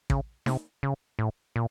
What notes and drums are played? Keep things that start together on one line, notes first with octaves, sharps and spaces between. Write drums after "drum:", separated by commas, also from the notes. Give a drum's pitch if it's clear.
C#3, drum: kick A1
C3, drum: snare D#4
C#3
A2
A#2